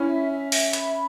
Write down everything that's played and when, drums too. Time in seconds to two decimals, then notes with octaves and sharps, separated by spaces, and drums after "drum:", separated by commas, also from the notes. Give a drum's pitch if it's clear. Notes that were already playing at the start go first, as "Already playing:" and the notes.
Already playing: C#4 E4
0.10 E5
0.31 E5
0.52 E5, drum: open hi-hat
0.73 B5, drum: hi-hat